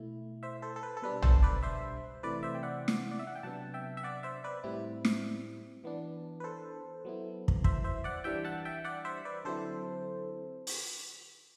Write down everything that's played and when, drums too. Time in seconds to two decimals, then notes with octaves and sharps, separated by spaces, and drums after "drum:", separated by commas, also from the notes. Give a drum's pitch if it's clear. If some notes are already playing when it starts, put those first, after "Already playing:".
Already playing: B2 A3 E4
0.43 C5 E5
0.62 A4 C5
0.76 A4
0.83 B4
0.97 A4
1.02 B2 G3 D4 B4
1.22 A4 C5, drum: tom
1.42 B4 D5
1.63 C5 E5
2.23 C3 E3 A3 E4 B4 D5
2.43 C5 E5
2.55 G5
2.63 D5 F#5
2.88 drum: snare
3.11 D5
3.19 E5
3.27 F#5
3.35 G5
3.43 C3 F#3 B3 D4 F#5 A5
3.74 E5 G5
3.97 E5
4.03 D5 F#5
4.23 C5 E5
4.44 B4 D5
4.64 A2 G3 C4 E4
5.05 drum: snare
5.84 E3 B3 D4
6.40 B4
6.44 A4 C5
7.05 F#3 B3 E4
7.48 drum: kick
7.64 C5 E5, drum: kick
7.84 C5 E5
8.04 D5 F#5
8.24 E3 G3 D4 E5 G5
8.44 F#5 A5
8.65 E5 G5
8.84 D5 F#5
9.05 C5 E5
9.25 B4 D5
9.45 D3 F#3 C4 E4 A4 C5
10.67 drum: open hi-hat